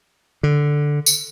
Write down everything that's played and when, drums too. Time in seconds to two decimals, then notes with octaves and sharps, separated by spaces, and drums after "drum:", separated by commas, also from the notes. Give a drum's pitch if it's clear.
0.43 D3
1.06 drum: tambourine